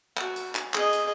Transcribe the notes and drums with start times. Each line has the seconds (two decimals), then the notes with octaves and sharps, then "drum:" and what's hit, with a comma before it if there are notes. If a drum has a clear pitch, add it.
0.17 F#4, drum: clap
0.36 drum: hi-hat
0.55 drum: clap
0.74 G#4 D#5, drum: clap
0.93 drum: hi-hat